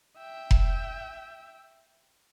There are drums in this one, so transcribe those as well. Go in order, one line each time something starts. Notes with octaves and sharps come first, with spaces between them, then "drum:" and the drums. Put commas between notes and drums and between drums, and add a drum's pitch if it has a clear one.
E5 G5
drum: kick F1